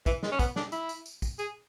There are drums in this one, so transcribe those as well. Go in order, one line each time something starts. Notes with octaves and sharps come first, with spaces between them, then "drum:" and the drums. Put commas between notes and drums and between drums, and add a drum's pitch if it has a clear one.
E3, drum: kick, tambourine
G#3, drum: snare
C#4
B3, drum: kick, tambourine
D4, drum: snare
E4, drum: tambourine
drum: tambourine
drum: tambourine
drum: kick, tambourine
G#4, drum: tambourine